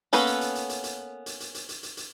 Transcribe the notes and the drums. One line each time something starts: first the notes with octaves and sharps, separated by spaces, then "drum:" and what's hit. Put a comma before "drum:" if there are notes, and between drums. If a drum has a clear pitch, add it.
A#3 B3 C#4 A4 B4, drum: hi-hat
drum: hi-hat
drum: hi-hat
drum: hi-hat
drum: hi-hat
drum: hi-hat
drum: hi-hat
drum: hi-hat
drum: hi-hat
drum: hi-hat
drum: hi-hat
drum: hi-hat